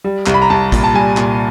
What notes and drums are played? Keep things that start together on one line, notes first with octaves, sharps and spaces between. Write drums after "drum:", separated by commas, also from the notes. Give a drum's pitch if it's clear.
G3
C2, drum: clap
B5
A#5
C2 A5
A#2, drum: kick A1, hi-hat
A5
G3 G#5
A#2, drum: clap